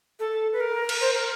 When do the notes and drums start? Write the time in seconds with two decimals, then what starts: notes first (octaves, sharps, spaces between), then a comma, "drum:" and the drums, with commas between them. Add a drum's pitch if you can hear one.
0.20 A4
0.53 B4
0.60 A#4
0.89 drum: cymbal
1.01 C5
1.14 A#4